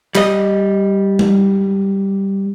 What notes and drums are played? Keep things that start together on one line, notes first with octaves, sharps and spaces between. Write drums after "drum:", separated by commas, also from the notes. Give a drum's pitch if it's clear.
G3 D#5, drum: clap
drum: tom G3